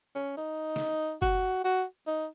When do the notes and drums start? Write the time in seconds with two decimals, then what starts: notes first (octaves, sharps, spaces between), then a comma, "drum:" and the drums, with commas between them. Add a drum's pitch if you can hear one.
0.15 C#4
0.37 D#4
0.76 drum: snare
1.22 F#4, drum: kick F#1
1.64 F#4
2.07 D#4